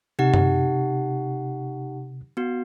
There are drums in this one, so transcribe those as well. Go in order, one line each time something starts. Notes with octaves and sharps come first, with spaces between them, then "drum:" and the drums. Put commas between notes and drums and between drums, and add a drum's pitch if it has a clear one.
C3 D#4 G4 F#5
drum: tom F#2
B3 F#4